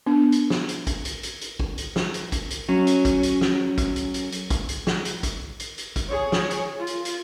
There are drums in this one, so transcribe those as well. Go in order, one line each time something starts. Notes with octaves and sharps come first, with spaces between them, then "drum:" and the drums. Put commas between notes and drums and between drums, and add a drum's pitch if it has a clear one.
B3 D4
drum: hi-hat
drum: snare
drum: hi-hat
drum: kick, hi-hat
drum: hi-hat
drum: hi-hat
drum: hi-hat
drum: kick
drum: hi-hat
drum: snare
drum: hi-hat
drum: kick, hi-hat
drum: hi-hat
F#3 C#4
drum: hi-hat
drum: kick, hi-hat
drum: hi-hat
drum: snare
drum: kick, hi-hat
drum: hi-hat
drum: hi-hat
drum: hi-hat
drum: kick, hi-hat
drum: hi-hat
drum: snare
drum: hi-hat
drum: kick, hi-hat
drum: hi-hat
drum: hi-hat
drum: kick, hi-hat
G#4 C#5
drum: snare
drum: hi-hat
F4
drum: hi-hat
drum: hi-hat